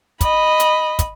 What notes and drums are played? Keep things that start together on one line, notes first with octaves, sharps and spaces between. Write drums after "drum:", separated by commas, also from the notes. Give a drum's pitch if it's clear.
D#5 B5, drum: kick, hi-hat
drum: hi-hat
drum: kick, hi-hat